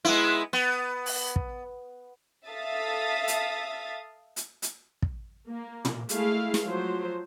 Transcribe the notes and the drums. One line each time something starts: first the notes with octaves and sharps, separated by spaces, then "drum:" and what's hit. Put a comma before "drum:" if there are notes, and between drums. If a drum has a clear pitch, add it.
G#3 B3 E4
B3
drum: open hi-hat
drum: kick
A4 E5 F5 D#6 A6 B6
drum: hi-hat
drum: hi-hat
drum: hi-hat
drum: kick
A#3
drum: tom
G#3 A3 E4 G#4 F5, drum: hi-hat
drum: snare
F3 F#3 C5